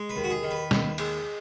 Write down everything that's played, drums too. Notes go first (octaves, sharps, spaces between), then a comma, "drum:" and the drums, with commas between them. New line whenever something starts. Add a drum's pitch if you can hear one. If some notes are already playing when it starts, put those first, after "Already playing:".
Already playing: G#3
B4
D#2
F#4
G#4
D#3
B4
D#2, drum: snare
G#3, drum: cymbal